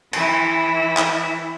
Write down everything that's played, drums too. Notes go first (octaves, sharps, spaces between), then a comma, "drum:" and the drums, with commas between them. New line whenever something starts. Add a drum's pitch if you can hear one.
E3 E4, drum: cymbal
drum: clap